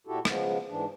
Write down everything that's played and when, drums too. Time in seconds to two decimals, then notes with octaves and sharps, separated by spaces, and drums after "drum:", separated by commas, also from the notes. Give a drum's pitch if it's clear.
0.07 A#2 E4 F#4 G4 A4
0.25 C#3 F3 G#3 B3, drum: rim click
0.69 G#2 E3 D4